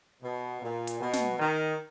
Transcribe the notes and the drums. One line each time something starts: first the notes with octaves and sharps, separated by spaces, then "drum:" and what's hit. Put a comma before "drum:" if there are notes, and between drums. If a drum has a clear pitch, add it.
B2
A#2
drum: hi-hat
B2
drum: snare
D#3